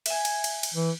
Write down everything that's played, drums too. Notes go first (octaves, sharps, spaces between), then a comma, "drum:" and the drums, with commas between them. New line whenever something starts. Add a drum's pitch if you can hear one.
E5 G#5, drum: cymbal
drum: cymbal
drum: cymbal
drum: cymbal
E3